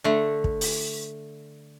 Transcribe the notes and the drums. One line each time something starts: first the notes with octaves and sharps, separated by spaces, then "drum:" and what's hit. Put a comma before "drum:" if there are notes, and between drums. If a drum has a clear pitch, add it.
D3 A3
drum: kick
drum: open hi-hat